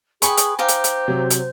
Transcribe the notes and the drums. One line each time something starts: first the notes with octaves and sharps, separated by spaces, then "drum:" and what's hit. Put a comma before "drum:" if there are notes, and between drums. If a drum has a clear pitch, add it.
G#4 B4 G5 G#5 B5 C#6, drum: hi-hat
drum: hi-hat
D#4 G4 C5 F5
drum: hi-hat
drum: hi-hat
C3 F#3
drum: hi-hat